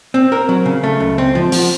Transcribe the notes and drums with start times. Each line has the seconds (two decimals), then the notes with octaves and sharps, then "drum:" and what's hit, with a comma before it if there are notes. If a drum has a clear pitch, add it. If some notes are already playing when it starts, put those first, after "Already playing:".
0.14 C4
0.32 A#4
0.49 F#3
0.66 C#3
0.83 A3
1.00 C#2
1.18 C4
1.35 F3
1.52 F3, drum: open hi-hat